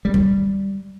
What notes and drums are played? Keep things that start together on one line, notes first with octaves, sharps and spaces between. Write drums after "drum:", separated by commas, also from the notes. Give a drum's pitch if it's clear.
G3
drum: kick